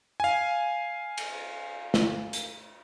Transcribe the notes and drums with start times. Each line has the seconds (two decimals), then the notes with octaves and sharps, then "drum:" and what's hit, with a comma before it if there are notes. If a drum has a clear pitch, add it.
0.20 F5 G#5
1.18 drum: cymbal
1.94 drum: snare
2.33 drum: hi-hat